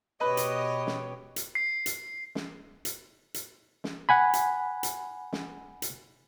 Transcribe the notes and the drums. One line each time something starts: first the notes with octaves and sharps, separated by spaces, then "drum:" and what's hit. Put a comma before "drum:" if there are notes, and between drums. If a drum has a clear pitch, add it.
B2 G4 B4 C#5 D#5
drum: hi-hat
drum: snare
drum: hi-hat
C7
drum: hi-hat
drum: snare
drum: hi-hat
drum: hi-hat
drum: snare
F#5 G#5 B5
drum: hi-hat
drum: hi-hat
drum: snare
drum: hi-hat